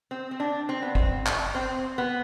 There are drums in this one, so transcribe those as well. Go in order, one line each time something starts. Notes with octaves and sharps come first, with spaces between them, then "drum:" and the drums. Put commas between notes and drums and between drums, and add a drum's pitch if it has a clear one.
C4
C4
D4
C4
B3
C4, drum: kick
drum: clap
C4
B3